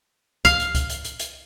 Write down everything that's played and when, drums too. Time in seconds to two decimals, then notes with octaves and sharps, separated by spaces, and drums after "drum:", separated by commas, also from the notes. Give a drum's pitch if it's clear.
0.45 F5, drum: kick C#2, hi-hat
0.60 drum: hi-hat
0.75 drum: kick C#2, hi-hat
0.90 drum: hi-hat
1.04 drum: hi-hat
1.19 drum: hi-hat